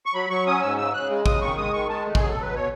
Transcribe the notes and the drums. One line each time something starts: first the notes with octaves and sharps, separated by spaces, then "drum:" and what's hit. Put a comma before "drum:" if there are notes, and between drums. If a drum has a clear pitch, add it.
C#6
F#3 B5
F#3 C#6
C#4 D#6
G#2 E6
C#3 E6
C#3 F#6
G#3
C#3 D#6, drum: kick
D#3 C#6
G#3 D#6
D#3 C#6
G#3 A5
A3
G#4, drum: kick
F#3
A4
F#3 B4
B2 C#5